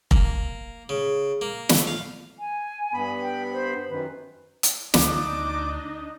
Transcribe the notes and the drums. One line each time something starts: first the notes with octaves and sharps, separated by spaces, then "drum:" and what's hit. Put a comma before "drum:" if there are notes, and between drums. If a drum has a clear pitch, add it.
A#3, drum: kick F1
C#3
A#3
A3, drum: snare
F5
G#5
G2 B3 B5
G5
C5
F#2 D#3 B4
drum: hi-hat
D2 D4 D#4 D#5 D6, drum: snare